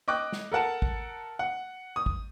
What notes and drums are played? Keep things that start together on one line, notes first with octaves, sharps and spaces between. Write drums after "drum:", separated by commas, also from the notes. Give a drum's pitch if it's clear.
D#5 G5 D6 F#6
drum: snare
A4 A#4 F#5 A5
drum: kick
F#5
D#6
drum: kick